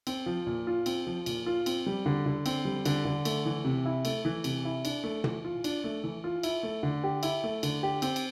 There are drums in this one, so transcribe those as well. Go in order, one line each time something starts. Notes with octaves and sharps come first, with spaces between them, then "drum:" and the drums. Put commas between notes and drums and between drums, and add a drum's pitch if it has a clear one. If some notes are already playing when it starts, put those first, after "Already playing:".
C4, drum: cymbal
F3
A#2
F4
C4, drum: cymbal
F3
A#2, drum: cymbal
F4
C4, drum: cymbal
G3
D3
D3
C4, drum: cymbal
G3
D3, drum: cymbal
D3
A3, drum: cymbal
E3
C3
E4
A3, drum: cymbal
E3
C3, drum: cymbal
E4
D4, drum: cymbal
A3
E3, drum: tom
F4
D4, drum: cymbal
A3
E3
F4
E4, drum: cymbal
A3
D3
G4
E4, drum: cymbal
A3
D3, drum: cymbal
G4
C4, drum: cymbal
drum: cymbal